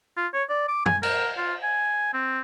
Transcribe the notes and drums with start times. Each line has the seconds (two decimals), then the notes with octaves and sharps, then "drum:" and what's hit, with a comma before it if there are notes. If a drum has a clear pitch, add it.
0.17 F4
0.34 C#5
0.49 D5
0.68 D6
0.86 G#5, drum: tom
1.03 A#4, drum: cymbal
1.38 F4
1.63 G#5
2.13 C4